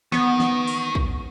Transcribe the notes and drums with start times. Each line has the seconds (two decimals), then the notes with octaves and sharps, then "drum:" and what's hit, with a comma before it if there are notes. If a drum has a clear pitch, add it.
0.12 D#3 B3, drum: snare
0.40 drum: snare
0.68 drum: open hi-hat
0.95 drum: kick